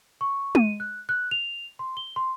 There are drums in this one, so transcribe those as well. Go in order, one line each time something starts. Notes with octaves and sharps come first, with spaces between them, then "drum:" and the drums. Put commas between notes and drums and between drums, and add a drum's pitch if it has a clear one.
C#6
D#7, drum: tom G#3
F#6
F#6
F7
C6
G7
C6